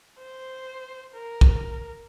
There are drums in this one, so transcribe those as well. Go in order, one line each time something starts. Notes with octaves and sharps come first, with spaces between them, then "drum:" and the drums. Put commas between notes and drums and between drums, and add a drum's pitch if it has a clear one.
C5
A#4
drum: kick